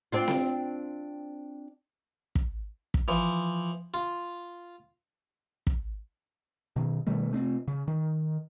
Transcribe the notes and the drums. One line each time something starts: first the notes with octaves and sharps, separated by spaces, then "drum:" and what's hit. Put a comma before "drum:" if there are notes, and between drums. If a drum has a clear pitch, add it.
C4 D4 F4
drum: snare C4
drum: kick
drum: kick
E3 F3
F4
drum: kick
B2 D#3
B2 D#3 G3 A3
C3 A3 B3 C4
C#3
D#3